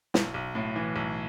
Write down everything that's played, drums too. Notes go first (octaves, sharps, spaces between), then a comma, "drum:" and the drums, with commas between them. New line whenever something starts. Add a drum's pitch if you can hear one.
B1, drum: snare
B1
A2
E3
B1